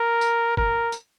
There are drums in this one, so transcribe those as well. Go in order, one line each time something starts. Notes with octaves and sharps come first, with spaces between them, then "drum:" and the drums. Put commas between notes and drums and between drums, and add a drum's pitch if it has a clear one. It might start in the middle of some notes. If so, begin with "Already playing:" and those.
Already playing: A#4
drum: tambourine
A#4, drum: kick
drum: tambourine